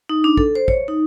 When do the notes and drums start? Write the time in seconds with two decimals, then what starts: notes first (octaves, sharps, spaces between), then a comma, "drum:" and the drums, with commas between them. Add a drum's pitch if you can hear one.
0.09 D#4
0.24 D4
0.37 A4, drum: kick
0.55 C5
0.68 C#5, drum: kick
0.88 D#4